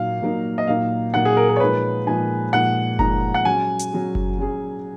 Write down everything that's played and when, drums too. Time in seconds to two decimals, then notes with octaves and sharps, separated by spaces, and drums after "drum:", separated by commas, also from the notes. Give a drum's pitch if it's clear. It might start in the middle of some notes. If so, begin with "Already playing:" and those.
Already playing: A#2 F#3 A#3 D#4 F5
0.21 A#2 F#3 A#3 D#4
0.58 D#5
0.67 A#2 F#3 A#3 D#4 F5
1.14 A#2 F#3 A#3 D#4 F#5
1.25 G#4
1.37 A#4
1.49 A#4
1.56 C#5
1.60 A#2 F3 G#3 D#4 B4
2.07 A#2 F3 G#3 D#4 G#5
2.53 A#2 F3 G#3 D#4 F#5
2.99 A#2 F3 G#3 D#4 A#5, drum: kick F#1
3.34 F#5
3.45 F#3 C#4 G#4 G#5
3.79 drum: hi-hat
3.92 F#3 C#4 G#4
4.15 drum: kick F#1
4.39 F#3 C#4 G#4